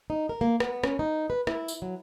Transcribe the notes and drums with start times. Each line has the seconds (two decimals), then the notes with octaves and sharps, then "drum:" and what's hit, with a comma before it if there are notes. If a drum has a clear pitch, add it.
0.10 D#4
0.29 A#4
0.41 A#3
0.60 B3, drum: rim click
0.84 C#4, drum: rim click
0.99 D#4
1.30 B4
1.47 E4, drum: rim click
1.68 drum: tambourine
1.82 F#3